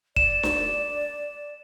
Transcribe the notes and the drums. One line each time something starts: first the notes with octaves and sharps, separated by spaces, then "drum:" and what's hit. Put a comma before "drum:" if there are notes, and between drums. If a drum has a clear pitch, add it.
D5 E7, drum: kick
drum: snare D4